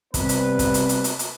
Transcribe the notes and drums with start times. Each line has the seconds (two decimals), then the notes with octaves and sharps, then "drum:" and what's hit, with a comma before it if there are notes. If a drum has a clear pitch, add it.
0.14 C3 G3 B3 B4, drum: kick, hi-hat
0.29 drum: hi-hat
0.59 drum: kick, hi-hat
0.74 drum: hi-hat
0.89 drum: hi-hat
1.04 drum: hi-hat
1.19 drum: hi-hat